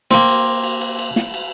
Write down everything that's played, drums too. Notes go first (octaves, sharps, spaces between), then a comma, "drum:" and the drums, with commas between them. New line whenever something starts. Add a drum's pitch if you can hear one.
A#3 C4, drum: snare
drum: cymbal
drum: cymbal
drum: cymbal
drum: cymbal
drum: snare
drum: cymbal